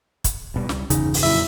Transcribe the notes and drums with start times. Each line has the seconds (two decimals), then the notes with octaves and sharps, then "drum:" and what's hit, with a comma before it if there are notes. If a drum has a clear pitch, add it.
0.24 drum: kick, hi-hat
0.54 D#1 B2 G3
0.69 C#2 G3, drum: snare
0.90 G1 E2 C#3 D#4, drum: hi-hat
1.14 drum: open hi-hat
1.23 F2 A#2 F#3 E4 E5